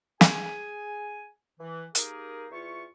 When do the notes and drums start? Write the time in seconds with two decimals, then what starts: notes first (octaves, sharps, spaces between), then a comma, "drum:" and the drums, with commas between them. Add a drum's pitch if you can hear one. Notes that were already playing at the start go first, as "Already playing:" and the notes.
0.21 G#4 G#5, drum: snare
1.60 E3
1.95 A#3 D#4 G4 G#4 A#4, drum: hi-hat
2.51 E2 F4 E5 C#6